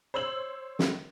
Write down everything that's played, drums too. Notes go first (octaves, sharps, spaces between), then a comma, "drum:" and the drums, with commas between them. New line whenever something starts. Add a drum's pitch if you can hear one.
C5 C#5 E6 F#7
drum: snare